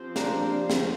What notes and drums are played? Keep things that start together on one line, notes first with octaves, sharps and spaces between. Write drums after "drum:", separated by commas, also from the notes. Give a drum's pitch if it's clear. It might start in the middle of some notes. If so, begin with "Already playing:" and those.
Already playing: F3 C4 G4 C5
A#3 D4, drum: snare
drum: snare